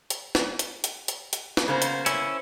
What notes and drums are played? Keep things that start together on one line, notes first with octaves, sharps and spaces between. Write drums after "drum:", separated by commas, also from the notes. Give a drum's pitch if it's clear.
drum: hi-hat
drum: snare
drum: hi-hat
drum: hi-hat
drum: hi-hat
drum: hi-hat
drum: snare
C#3 A#3 B3 C5
drum: hi-hat
C#4 E4, drum: hi-hat